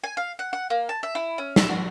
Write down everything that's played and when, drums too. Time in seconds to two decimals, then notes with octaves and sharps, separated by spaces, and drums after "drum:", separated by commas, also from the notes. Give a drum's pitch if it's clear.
0.04 G#5
0.17 F5
0.39 F#5
0.53 F#5
0.70 A#3
0.89 A5
1.03 E5
1.15 E4
1.38 C#4
1.56 E5, drum: snare
1.69 F#4